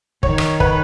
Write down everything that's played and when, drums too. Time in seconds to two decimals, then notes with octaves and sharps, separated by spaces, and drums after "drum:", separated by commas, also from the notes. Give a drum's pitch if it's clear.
0.23 D#3 C#5, drum: kick
0.38 drum: rim click
0.60 B4, drum: kick